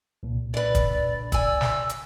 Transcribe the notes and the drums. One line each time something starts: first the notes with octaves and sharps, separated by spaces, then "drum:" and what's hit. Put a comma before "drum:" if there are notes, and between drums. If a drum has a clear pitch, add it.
C2 A#2
D3 B4 D5
drum: kick, hi-hat
D5 G#5 E6, drum: kick, hi-hat
drum: snare
drum: hi-hat